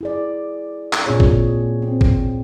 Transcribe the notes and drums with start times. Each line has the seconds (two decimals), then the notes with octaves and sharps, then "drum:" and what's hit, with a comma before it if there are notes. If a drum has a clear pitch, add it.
0.01 E4 G#4 D5
0.93 drum: clap
1.06 A#2 C4 D4 G#4 C#5
1.20 drum: kick
1.82 C4
2.01 drum: kick